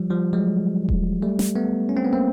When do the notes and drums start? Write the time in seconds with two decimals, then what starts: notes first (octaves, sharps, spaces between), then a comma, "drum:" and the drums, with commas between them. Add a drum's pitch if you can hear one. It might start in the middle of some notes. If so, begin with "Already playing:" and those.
Already playing: F3 G3
0.10 F3 G3
0.33 F#3 G#3
0.89 drum: kick D#1
1.22 G3 A3
1.39 drum: snare
1.55 A3 B3
1.89 C#4
1.97 C4
2.05 B3
2.13 A#3 C4